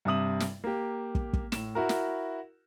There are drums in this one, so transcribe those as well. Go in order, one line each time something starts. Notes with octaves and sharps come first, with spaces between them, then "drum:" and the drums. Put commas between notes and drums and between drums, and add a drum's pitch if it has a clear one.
G2 C3 E5 D#6 F#7
drum: snare
A#3 G4
drum: kick
drum: kick
A2 E7, drum: snare
E4 F#4 A#4
drum: snare